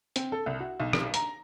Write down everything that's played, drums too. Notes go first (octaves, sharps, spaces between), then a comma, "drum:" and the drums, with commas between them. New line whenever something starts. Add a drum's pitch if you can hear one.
C4, drum: hi-hat
A4
C2
F#4
B1
drum: rim click
A#5, drum: hi-hat